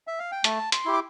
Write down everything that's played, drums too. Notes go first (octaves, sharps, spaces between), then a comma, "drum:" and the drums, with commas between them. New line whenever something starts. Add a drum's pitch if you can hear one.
E5
F5
G5
A3 A5, drum: hi-hat
C6, drum: hi-hat
E4 G4
D6